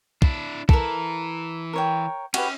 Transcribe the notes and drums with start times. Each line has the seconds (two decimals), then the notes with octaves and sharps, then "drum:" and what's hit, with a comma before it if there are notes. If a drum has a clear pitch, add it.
0.22 D4 E4, drum: kick
0.69 E3 E4 A4 A#4, drum: kick
1.73 A#4 C#5 G5
2.34 C#4 F#4 G4 B4, drum: cymbal